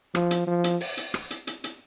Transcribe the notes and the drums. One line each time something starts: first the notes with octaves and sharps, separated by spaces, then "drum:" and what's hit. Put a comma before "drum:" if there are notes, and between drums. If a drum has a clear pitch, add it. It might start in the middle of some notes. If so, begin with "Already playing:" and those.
F3, drum: rim click
drum: hi-hat
F3
drum: hi-hat
drum: open hi-hat
drum: hi-hat
drum: rim click
drum: hi-hat
drum: hi-hat
drum: hi-hat